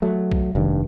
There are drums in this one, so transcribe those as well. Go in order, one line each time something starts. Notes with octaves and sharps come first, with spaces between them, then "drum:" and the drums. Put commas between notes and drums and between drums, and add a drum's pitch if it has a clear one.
F#3 A3
drum: kick B1
F1 G2 D#3